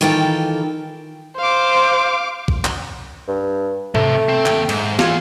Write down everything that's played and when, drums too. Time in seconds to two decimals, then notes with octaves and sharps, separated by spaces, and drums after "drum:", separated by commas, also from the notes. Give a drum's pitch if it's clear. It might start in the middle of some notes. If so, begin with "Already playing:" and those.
0.01 D#3 E3 F4 A4 A#4 G5
1.39 C5 F5 D6
2.48 drum: kick
2.65 drum: clap
3.28 G2
3.95 C3 A3, drum: tom G#2
4.29 C4
4.46 D#2 G5, drum: clap
4.69 G#2, drum: cymbal
4.99 E3 F4 G#4, drum: snare